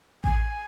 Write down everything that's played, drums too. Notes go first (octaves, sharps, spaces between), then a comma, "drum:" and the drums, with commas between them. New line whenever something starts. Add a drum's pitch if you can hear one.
G#5, drum: kick A1